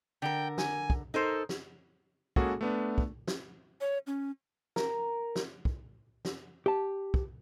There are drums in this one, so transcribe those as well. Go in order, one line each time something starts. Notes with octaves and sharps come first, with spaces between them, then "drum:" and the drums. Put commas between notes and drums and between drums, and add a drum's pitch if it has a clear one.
D3 A#4 G5
G#5, drum: snare
drum: kick
D#4 A4 A#4 C5
drum: snare
G#3 A#3 C#4 F#4 G#4 A4, drum: kick
A3 B3 D4
drum: kick
drum: snare
C#5
C#4
A#4, drum: snare
drum: snare
drum: kick
drum: snare
G4 A5
drum: kick